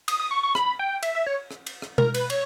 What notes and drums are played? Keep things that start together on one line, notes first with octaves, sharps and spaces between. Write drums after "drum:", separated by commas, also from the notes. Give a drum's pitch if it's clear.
D#6, drum: cymbal
D#6
C#6
C#6
B5, drum: rim click
G5
E5, drum: cymbal
E5
C#5
drum: rim click
drum: cymbal
drum: rim click
A#4, drum: tom B2
B4, drum: cymbal
C#5, drum: cymbal